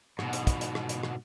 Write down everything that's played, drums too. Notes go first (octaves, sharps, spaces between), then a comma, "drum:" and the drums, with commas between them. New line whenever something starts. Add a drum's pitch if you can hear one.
G#2 B2, drum: rim click
drum: hi-hat
drum: kick, hi-hat
drum: hi-hat
drum: rim click
drum: hi-hat
drum: rim click